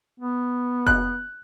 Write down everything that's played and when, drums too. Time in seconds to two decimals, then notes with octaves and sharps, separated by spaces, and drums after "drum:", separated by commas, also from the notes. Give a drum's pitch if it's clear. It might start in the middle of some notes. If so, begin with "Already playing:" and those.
0.20 B3
0.87 F#6, drum: kick F1